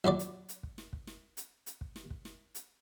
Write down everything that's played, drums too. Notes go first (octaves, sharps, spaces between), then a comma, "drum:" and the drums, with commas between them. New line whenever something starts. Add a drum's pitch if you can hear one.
A#1 D#2 F#3 D5
drum: hi-hat
drum: hi-hat
drum: kick
drum: snare
drum: kick
drum: snare
drum: hi-hat
drum: hi-hat
drum: kick
drum: snare
drum: kick
drum: snare
drum: hi-hat